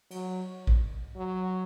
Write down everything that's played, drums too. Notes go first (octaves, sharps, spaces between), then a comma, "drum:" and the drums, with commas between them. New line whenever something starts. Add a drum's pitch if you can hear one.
F#3, drum: cymbal
drum: kick A1
F#3